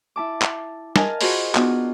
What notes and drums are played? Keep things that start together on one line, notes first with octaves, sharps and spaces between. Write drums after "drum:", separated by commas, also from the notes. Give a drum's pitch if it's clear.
E4 A5 D6
drum: clap
A#4 D#5 F5 G#5 A5, drum: snare
F4 F#4 G#4 C5 D#5 B5, drum: open hi-hat
B3 D4 D#4 F4 F#4, drum: clap